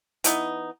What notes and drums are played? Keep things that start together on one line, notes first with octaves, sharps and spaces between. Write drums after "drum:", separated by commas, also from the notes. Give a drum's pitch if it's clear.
E3 B3 D#4, drum: hi-hat